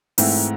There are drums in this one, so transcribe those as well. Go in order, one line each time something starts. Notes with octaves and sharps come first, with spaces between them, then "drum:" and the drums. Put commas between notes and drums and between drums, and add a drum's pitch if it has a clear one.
G#2 E3 A3 C4 E4, drum: open hi-hat